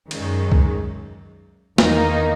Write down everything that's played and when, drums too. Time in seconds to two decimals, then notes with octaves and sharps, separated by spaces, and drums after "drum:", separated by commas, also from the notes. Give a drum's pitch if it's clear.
0.11 F#2 D#3 G#3 C#4, drum: cymbal
0.52 drum: kick C2
1.78 E2 D#3 A#3 D#4, drum: snare